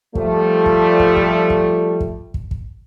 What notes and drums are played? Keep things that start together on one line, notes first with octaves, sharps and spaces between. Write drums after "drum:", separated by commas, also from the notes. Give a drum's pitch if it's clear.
F3 G3 A3, drum: kick
drum: kick
drum: kick
drum: kick
drum: kick
drum: kick
drum: kick
drum: kick